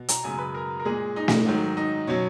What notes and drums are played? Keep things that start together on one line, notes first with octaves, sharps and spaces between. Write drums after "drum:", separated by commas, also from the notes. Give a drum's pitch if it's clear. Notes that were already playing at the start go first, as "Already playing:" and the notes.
Already playing: B2
A#5, drum: hi-hat
F#2 C#3 G#3 G#5
B4
A#4
A#4
A#2 G#3 G#4
D#4
drum: snare
G#2 D#3 F#3
D#4
B2 F#3 C#4